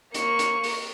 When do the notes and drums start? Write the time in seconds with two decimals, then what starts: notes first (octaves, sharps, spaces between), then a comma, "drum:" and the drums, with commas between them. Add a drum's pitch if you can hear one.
0.14 A#3 C#6, drum: hi-hat
0.39 drum: hi-hat
0.64 drum: open hi-hat